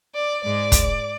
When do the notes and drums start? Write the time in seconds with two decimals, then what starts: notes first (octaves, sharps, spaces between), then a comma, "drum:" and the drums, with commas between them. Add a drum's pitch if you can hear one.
0.15 D5
0.43 G#2 G#3 D5
0.72 drum: kick, hi-hat